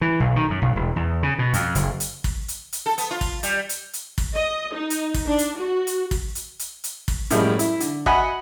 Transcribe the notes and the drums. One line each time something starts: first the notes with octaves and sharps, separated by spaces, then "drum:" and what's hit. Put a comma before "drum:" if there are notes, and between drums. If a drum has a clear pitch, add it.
E3
B1
D#3
F#2
B1
E1
E2
C#3
B2
F2, drum: hi-hat
F#1, drum: hi-hat
drum: hi-hat
drum: kick, open hi-hat
drum: hi-hat
drum: hi-hat
A4
B3, drum: hi-hat
F4
drum: kick, open hi-hat
G3, drum: hi-hat
drum: hi-hat
drum: hi-hat
drum: kick, open hi-hat
D#5
D#4
drum: hi-hat
drum: kick, open hi-hat
D4
drum: hi-hat
F#4
drum: hi-hat
drum: kick, open hi-hat
drum: hi-hat
drum: hi-hat
drum: hi-hat
drum: kick, open hi-hat
F#2 A2 F3 G3 G#3, drum: hi-hat
E4, drum: hi-hat
D3, drum: hi-hat
F#4 D#5 E5 F#5 G#5 B5, drum: kick